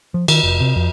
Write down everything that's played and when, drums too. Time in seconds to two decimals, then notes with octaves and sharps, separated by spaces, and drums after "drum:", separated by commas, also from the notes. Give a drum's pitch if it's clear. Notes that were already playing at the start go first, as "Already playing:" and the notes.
0.14 F3
0.28 D#3, drum: cymbal
0.43 F1
0.61 C3
0.76 F2